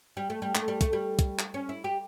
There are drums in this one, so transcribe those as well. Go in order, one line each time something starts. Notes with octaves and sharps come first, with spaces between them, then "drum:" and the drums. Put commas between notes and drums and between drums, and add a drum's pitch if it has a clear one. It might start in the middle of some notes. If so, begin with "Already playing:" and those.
G3
A3
G3
A3, drum: clap
G3
A3, drum: kick, hi-hat
G3
drum: kick, hi-hat
drum: clap
C#4
E4
G4